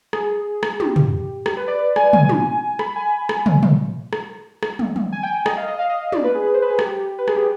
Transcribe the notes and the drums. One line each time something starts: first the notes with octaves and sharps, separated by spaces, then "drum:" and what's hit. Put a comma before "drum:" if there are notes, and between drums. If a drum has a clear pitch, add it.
G#4, drum: rim click
drum: rim click
G4, drum: tom
drum: tom
G4, drum: rim click
B4
D5
G#5, drum: rim click
G#5, drum: tom
drum: tom
B5, drum: rim click
G#5
drum: rim click
drum: tom
drum: tom
drum: rim click
drum: rim click
drum: tom
drum: tom
G#5
G5
D#5, drum: rim click
F5
D#5
F5
D#5
D5, drum: tom
B4
G#4
B4
C5
B4
G#4
G4, drum: rim click
B4
G#4, drum: rim click
G4